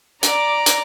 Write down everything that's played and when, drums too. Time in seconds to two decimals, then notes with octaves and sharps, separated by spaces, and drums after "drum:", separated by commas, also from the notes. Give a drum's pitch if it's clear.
0.23 D5 A#5 D6, drum: hi-hat
0.66 drum: hi-hat